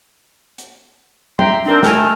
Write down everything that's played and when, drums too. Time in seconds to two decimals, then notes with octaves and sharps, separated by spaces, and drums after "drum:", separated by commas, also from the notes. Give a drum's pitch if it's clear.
0.58 drum: hi-hat
1.39 E5 G5 A#5 C6, drum: tom
1.65 C4 D4 D#4 A#4
1.83 A3 D#5 G5 G#5 E6 F6, drum: snare